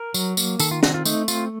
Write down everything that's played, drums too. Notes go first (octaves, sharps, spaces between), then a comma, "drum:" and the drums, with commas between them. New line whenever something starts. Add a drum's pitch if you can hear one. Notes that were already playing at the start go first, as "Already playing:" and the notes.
Already playing: A#4
F#3, drum: tambourine
A#3, drum: tambourine
D#3 A4, drum: tambourine
F4
C4 F#4, drum: snare
F4
A3 D#4, drum: tambourine
C4 F4, drum: tambourine